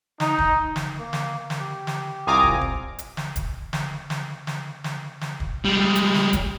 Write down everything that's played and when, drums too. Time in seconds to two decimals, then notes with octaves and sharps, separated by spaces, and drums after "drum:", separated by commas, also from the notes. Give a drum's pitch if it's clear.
0.20 D#4, drum: snare
0.39 drum: kick
0.76 drum: snare
0.98 A#3
1.13 drum: snare
1.50 drum: snare
1.59 G4
1.87 drum: snare
2.27 C2 C4 F4 G#5 A#5 D6 D#6
2.43 drum: kick
2.61 drum: kick
2.99 drum: hi-hat
3.17 drum: snare
3.36 drum: kick, hi-hat
3.73 drum: snare
4.10 drum: snare
4.47 drum: snare
4.84 drum: snare
5.21 drum: snare
5.40 drum: kick
5.65 G3 G#3
5.96 drum: hi-hat
6.14 drum: snare
6.33 drum: kick, hi-hat